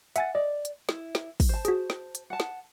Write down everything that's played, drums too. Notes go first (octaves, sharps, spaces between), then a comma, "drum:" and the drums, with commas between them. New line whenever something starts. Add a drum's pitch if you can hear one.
E5 F#5 G#5 A6, drum: hi-hat
D5 D#5
drum: hi-hat
E4, drum: snare
drum: snare
drum: kick, open hi-hat
C5 A5
F#4 G#4, drum: hi-hat
drum: snare
drum: hi-hat
F#5 A5
drum: snare